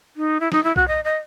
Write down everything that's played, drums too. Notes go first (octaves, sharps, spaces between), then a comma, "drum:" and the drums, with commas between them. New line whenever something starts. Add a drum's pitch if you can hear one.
D#4
E4
D#4, drum: snare
E4
F#4, drum: kick B1
D#5
D#5